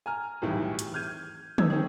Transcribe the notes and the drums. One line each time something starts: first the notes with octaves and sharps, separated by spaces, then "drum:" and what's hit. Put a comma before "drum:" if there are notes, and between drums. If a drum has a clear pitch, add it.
G#5 A#5 F6
B1 E2 A2 D#3 E3 G3
drum: hi-hat
F6 G6 G#6 D#7
D3 D#4 E6 G#6, drum: tom
D#3 C4 C#4